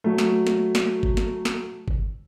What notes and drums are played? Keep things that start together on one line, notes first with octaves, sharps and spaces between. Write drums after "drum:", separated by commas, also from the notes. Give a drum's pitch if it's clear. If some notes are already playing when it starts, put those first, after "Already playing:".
F#3 A3
drum: snare
drum: snare
drum: snare
drum: kick G1
drum: snare
drum: snare
drum: kick G1